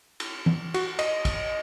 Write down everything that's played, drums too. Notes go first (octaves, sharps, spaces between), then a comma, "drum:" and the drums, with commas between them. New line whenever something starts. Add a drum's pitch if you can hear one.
drum: cymbal
drum: tom E3
F#4, drum: cymbal
D#5, drum: cymbal
drum: kick, cymbal